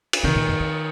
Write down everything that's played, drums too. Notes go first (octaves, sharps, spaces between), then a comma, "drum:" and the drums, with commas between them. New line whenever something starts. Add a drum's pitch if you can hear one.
drum: cymbal
C3 D#3
A#2
F#2
F2